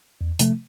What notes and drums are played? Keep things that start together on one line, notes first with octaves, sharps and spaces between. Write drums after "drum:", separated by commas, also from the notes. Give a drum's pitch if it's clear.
E2
C3 F3 A3, drum: hi-hat